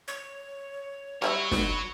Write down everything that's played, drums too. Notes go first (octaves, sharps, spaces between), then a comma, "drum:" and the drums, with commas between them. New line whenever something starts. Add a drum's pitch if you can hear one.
C#5
G3 F#4 G4 C#5 E5 B5
drum: snare